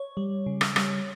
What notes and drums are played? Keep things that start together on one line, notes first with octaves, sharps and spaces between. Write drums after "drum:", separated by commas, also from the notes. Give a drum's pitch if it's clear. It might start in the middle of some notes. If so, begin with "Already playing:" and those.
Already playing: C#5
G3
C#3
drum: rim click
G3, drum: rim click